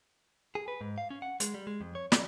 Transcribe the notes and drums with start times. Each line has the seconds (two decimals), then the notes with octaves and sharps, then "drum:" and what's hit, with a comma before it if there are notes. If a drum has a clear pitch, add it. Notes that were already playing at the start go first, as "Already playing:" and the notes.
0.55 G#4
0.68 B4
0.81 G#2
0.98 F5
1.10 C#4
1.22 F#5
1.40 G#3, drum: hi-hat
1.54 G3
1.67 G#3
1.81 F2
1.95 C#5
2.12 D5, drum: snare